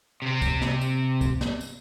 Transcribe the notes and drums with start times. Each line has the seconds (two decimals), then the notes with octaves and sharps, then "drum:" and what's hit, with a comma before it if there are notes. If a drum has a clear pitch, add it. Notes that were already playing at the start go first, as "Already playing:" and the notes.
0.22 C3 C4
0.42 drum: kick, tambourine
0.61 drum: snare
0.81 drum: tambourine
1.21 drum: kick, tambourine
1.41 drum: snare
1.61 drum: tambourine